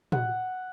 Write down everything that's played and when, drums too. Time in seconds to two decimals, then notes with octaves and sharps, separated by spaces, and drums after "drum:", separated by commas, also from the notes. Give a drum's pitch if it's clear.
0.12 F#5, drum: tom